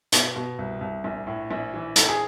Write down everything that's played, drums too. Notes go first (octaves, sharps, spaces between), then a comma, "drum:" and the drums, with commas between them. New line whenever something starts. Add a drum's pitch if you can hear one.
B2, drum: hi-hat
B2
C2
C2
A#1
A2
A#1
E3
A#1 A4, drum: hi-hat
G#4